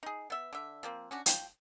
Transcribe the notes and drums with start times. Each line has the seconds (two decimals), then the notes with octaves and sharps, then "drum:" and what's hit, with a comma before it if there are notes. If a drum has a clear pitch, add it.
0.03 D#4 G#4
0.30 B3 E5
0.53 D3 E5
0.83 F3 A#3 C4
1.11 C#4 D4 F#4
1.26 F3 G5, drum: hi-hat